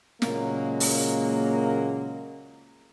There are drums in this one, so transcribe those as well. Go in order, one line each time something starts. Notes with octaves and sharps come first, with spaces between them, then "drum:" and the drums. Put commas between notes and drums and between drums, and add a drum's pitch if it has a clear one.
A#2 C#3 F#3 G#3 A#3, drum: snare
drum: open hi-hat